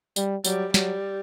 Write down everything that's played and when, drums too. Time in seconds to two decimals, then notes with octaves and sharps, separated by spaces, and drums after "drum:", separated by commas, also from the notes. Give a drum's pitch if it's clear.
0.16 G3, drum: tambourine
0.45 F#3 G3, drum: tambourine
0.74 F#3 G3, drum: snare